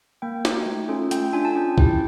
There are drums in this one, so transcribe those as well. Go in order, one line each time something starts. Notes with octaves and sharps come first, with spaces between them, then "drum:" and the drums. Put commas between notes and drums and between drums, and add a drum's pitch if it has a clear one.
A#3 G5
D#4 F#4, drum: snare
A3
C#4 F4 A4
A3 G5, drum: hi-hat
D4 F4 G#5
A5
C#4 G5
E4 G4 G5, drum: kick B1